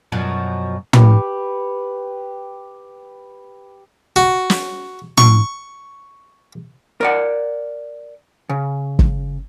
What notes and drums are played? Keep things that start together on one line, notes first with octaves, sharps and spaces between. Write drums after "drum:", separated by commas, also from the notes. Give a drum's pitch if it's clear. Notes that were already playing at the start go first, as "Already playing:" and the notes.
F#2 B2 F3
G4 B4 B5 C#6, drum: tom
F#4
drum: snare
C#6, drum: tom
A#4 D5 F#5
C#3
drum: kick